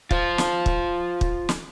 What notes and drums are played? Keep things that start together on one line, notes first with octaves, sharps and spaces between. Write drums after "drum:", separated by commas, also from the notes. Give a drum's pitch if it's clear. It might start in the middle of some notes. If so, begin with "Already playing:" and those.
F4 C5, drum: kick
drum: snare
drum: kick
drum: kick
drum: snare